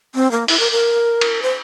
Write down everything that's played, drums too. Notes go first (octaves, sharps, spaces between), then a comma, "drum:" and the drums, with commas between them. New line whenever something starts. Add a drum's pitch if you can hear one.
C4
A#3
E4, drum: open hi-hat
A#4
A#4
drum: cymbal
C5